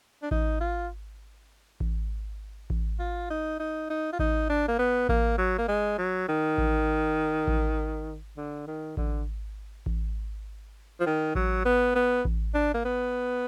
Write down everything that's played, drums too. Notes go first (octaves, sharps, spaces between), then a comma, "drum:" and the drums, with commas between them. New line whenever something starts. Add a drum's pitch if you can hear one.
D4
D#4, drum: kick A1
F4
drum: kick A1
drum: kick A1
F4
D#4
D#4
D#4
F4
D#4, drum: kick A1
D4
A#3
B3
A#3, drum: kick A1
F#3
A#3
G#3
F#3
D#3
drum: kick A1
drum: kick A1
D3
D#3
D3, drum: kick A1
drum: kick A1
F3
D#3
F#3, drum: kick A1
B3
B3
drum: kick A1
D4
A#3
B3